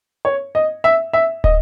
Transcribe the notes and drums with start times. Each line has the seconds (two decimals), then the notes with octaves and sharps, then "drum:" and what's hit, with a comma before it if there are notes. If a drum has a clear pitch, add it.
0.25 C#5
0.55 D#5
0.84 E5
1.13 E5
1.44 D#5, drum: kick